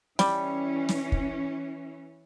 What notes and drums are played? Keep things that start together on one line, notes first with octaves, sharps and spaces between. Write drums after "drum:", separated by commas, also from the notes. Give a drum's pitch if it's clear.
E3 G3 C#4, drum: snare
drum: snare
drum: kick